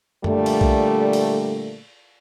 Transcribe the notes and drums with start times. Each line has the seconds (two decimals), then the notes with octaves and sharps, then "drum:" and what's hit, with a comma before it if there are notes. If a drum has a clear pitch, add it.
0.24 A#2 D3 G3 A3, drum: tom F#2
0.46 drum: cymbal
0.61 drum: kick B1
1.13 drum: cymbal